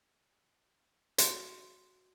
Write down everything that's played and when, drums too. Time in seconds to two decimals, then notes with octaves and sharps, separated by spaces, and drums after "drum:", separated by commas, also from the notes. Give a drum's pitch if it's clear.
1.18 F#4, drum: hi-hat